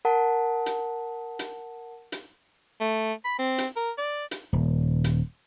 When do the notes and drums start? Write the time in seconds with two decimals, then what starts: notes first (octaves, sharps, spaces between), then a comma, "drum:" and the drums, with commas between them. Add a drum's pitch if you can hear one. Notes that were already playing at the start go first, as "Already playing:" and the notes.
0.05 A#4 F#5 A5
0.66 drum: hi-hat
1.39 drum: hi-hat
2.12 drum: hi-hat
2.81 A3
3.25 B5
3.39 C4
3.58 drum: hi-hat
3.77 A#4
3.98 D5
4.31 drum: hi-hat
4.53 D#1
5.04 drum: hi-hat